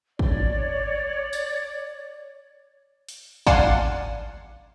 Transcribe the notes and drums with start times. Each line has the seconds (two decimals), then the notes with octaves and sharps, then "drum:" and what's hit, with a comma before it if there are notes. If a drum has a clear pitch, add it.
0.19 C#5 D5, drum: kick
1.33 drum: tambourine
3.09 drum: open hi-hat
3.47 D5 F5 F#5 G#5 A5 C6, drum: kick